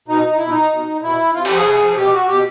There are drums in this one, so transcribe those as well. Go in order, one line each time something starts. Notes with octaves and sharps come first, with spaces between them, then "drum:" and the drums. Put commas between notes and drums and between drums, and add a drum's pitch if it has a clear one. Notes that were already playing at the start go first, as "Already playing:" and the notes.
B2 D#4
D#4
B2 E4
D#4
B2
B2 E4
C3 F4
F3 G4, drum: cymbal
G#4
C3
F3
B2 G4
F#4
B2 G4